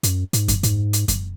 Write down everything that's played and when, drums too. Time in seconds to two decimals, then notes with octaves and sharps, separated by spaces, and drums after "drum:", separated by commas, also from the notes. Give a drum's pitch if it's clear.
0.03 F#2, drum: hi-hat
0.33 G#2, drum: hi-hat
0.48 drum: kick F#2, hi-hat
0.63 G#2, drum: hi-hat
0.93 drum: hi-hat
1.08 drum: kick F#2, hi-hat